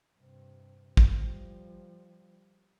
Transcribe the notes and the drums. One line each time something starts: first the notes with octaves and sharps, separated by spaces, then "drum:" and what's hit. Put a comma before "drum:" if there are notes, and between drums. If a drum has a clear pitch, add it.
G2 C3
F3 G3, drum: kick